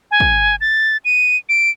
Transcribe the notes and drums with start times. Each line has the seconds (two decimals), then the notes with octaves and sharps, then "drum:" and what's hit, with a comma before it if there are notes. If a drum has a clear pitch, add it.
0.11 G#5
0.20 drum: kick
0.61 A6
1.05 D#7
1.49 D7